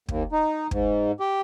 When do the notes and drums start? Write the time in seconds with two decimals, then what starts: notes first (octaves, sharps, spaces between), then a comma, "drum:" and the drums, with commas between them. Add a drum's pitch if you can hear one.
0.08 D#2, drum: kick
0.32 D#4
0.71 G#2, drum: kick
1.20 G4